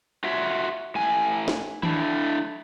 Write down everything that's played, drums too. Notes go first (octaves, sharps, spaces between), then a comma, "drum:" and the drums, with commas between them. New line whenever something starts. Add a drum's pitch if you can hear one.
F4 F#4 E5
A2 G#5
drum: snare
A3 D4 E4, drum: tom D#3